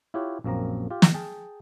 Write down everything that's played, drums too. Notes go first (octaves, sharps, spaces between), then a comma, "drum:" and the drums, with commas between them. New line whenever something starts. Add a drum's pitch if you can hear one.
E4 F4 G4 C#5 F#5
A#1 F#2 A#3 C4 A#5
F4 G4
drum: snare
G#4 G5 A5